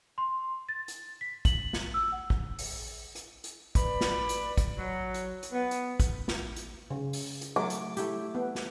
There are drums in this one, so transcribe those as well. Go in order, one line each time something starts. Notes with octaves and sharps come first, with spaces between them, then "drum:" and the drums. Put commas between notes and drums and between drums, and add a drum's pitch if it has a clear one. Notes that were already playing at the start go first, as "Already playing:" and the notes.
C6
A6
drum: hi-hat
B6
F#7, drum: kick, hi-hat
drum: snare
E6
F#5
drum: kick
drum: open hi-hat
drum: hi-hat
drum: hi-hat
B4 D5 B5, drum: kick, hi-hat
drum: snare
drum: hi-hat
drum: kick, hi-hat
F#3
drum: hi-hat
drum: hi-hat
B3
drum: hi-hat
drum: kick, hi-hat
drum: snare
drum: hi-hat
C#3
drum: open hi-hat
drum: hi-hat
F#3 A3 D6
drum: hi-hat
A3 E4 G4, drum: hi-hat
B3
drum: snare